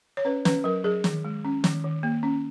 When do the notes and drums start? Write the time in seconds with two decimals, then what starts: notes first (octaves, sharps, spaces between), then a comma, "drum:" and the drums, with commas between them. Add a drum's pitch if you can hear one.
0.17 C#5
0.25 C#4 B4
0.45 C#4 B4, drum: snare
0.64 F#3 A#4
0.84 F#3 G#4
1.04 D#3, drum: snare
1.25 G#3
1.45 C#4
1.64 D#3, drum: snare
1.84 D#3
2.03 A#3
2.23 C#4